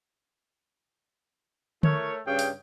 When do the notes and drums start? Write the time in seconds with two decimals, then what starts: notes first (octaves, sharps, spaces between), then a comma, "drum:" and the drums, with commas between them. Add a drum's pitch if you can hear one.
1.83 A3 E4 A#4 C#5, drum: tom D3
2.26 G2 C#3 G5
2.39 drum: open hi-hat